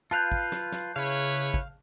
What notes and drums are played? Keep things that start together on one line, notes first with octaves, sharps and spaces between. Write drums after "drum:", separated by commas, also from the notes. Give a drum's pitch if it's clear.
F4 B4 F5 A5 F#6 G6
drum: kick
drum: snare
drum: snare
C#3 E4 B4 C#5 F5
drum: kick